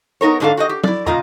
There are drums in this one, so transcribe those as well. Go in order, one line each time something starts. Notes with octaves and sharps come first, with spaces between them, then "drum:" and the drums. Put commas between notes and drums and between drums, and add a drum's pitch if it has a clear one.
B3 D#4 A#4 C#5
G#2 D3 D4 G#4 A4 F5
F#4 G4 D#5
G4
E4 D5, drum: tom
A#2 C#3 F4 D#5 A#5, drum: tom